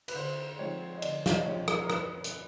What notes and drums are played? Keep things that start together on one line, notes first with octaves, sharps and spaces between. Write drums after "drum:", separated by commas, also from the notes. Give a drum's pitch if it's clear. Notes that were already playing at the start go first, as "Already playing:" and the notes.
B4, drum: cymbal
D3 C5
C5
F3 G#3 C4 C#5
D#5
D3 D5, drum: cymbal
D#5, drum: snare
D5
F3 G#3 C4 C#5
G#4, drum: rim click
A4
A#4
F#2 B4, drum: rim click
drum: hi-hat